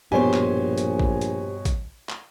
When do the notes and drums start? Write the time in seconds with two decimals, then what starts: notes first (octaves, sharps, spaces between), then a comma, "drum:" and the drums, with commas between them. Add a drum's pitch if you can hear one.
0.12 A#1 G2 B2 B3 G4 C5 C#5 G#5
0.34 drum: clap
0.78 drum: hi-hat
0.99 drum: kick A1
1.21 drum: hi-hat
1.65 drum: kick A1, hi-hat
2.09 drum: clap